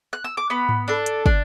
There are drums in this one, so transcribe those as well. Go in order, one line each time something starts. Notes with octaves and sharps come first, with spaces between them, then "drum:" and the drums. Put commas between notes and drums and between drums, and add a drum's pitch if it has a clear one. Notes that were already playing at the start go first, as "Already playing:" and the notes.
F#6
E6
D6
B3 B5
drum: tom G#2
D4 A4
drum: hi-hat
D4, drum: kick